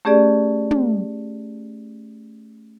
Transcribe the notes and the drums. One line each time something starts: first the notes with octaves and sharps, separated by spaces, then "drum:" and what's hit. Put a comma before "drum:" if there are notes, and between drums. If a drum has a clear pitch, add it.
A3 C#4 G4 G#4 D5
drum: tom